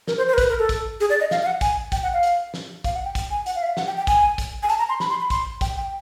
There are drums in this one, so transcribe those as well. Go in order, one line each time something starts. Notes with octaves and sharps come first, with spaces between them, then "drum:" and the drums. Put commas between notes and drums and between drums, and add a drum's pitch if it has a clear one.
A#4, drum: snare
C5
C5
A#4
B4, drum: kick, hi-hat
A#4
A4
drum: kick, hi-hat
G#4, drum: hi-hat
D5
D#5
F5, drum: snare
F5
F#5
G#5, drum: kick, hi-hat
G5, drum: kick, hi-hat
F#5
F5
drum: hi-hat
drum: snare
F5, drum: kick, hi-hat
F#5
G5
drum: kick, hi-hat
G#5
F#5, drum: hi-hat
F5
E5
F5
F#5, drum: snare
G5
G5
G#5, drum: kick, hi-hat
drum: kick, hi-hat
G#5
A5, drum: hi-hat
A#5
C6
B5, drum: snare
C6
B5
C6, drum: kick, hi-hat
G5, drum: kick, hi-hat
G5